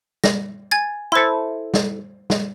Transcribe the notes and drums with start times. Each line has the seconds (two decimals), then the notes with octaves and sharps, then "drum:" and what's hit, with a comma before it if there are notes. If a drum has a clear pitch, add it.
0.24 A#6, drum: snare
0.71 G#5 G#6 A6
1.12 E4 A4 C5 C6
1.74 drum: snare
2.30 drum: snare